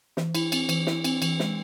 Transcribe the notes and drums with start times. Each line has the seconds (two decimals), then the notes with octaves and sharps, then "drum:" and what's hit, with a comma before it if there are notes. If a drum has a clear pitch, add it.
0.17 E3, drum: snare
0.35 E4, drum: cymbal
0.52 C4, drum: cymbal
0.69 E3, drum: cymbal
0.87 E4, drum: snare
1.04 C4, drum: cymbal
1.22 E3, drum: cymbal
1.39 G#3, drum: snare